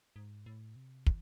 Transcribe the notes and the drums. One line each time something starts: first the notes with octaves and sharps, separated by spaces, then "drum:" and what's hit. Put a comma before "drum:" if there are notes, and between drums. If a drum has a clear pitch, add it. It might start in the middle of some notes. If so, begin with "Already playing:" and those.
G#2
A2
C3
E3, drum: kick